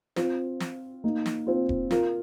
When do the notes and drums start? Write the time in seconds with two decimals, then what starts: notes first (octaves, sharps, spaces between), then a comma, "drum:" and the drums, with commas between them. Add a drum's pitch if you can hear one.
0.16 C4 F4, drum: snare
0.60 drum: snare
1.04 A#3 D#4
1.26 drum: snare
1.47 C4 F4
1.69 drum: kick E1
1.91 F4 A#4, drum: snare